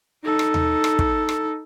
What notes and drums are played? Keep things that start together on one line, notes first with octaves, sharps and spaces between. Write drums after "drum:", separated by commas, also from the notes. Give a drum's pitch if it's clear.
D#4 A4
drum: rim click
drum: tom D#2
drum: rim click
drum: kick
drum: rim click